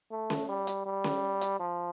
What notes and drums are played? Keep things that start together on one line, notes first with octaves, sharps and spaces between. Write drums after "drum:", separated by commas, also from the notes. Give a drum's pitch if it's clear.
A3
drum: snare C#4
G3
drum: hi-hat
G3
drum: snare C#4
drum: hi-hat
F3